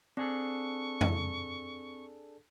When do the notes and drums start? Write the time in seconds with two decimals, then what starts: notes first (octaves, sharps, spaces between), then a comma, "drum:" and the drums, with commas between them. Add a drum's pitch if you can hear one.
0.17 C4 D4 G#4 A4 C#6
1.01 drum: tom F2